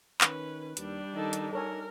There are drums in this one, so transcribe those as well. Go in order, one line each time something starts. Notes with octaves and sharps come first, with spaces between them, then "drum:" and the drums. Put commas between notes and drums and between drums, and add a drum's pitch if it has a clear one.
D#3 C#4 B4, drum: clap
D#2 G3 D4, drum: hi-hat
D#3 D#4 A4
drum: hi-hat
D#4 A4 A#4 C#5 G#5